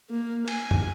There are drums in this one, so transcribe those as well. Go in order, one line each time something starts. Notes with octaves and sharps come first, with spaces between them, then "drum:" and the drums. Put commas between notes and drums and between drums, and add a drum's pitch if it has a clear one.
A#3
G#5, drum: cymbal
drum: tom